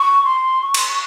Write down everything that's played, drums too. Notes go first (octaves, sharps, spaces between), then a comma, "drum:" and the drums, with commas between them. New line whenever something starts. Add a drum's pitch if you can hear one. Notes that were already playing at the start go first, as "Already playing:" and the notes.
Already playing: C#6
C6
C#6
C6, drum: cymbal
C#6